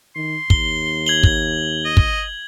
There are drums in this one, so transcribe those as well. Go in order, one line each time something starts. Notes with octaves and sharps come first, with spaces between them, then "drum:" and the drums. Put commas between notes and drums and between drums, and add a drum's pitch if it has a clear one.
D#3 C6
D#2 G7, drum: kick
G#6 F#7 G7
drum: kick
D#5
drum: kick